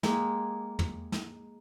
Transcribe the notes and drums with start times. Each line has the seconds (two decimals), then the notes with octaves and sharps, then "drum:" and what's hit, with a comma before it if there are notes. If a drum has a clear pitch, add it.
0.03 G#3 A#3 G4, drum: snare
0.79 drum: tom
1.12 drum: snare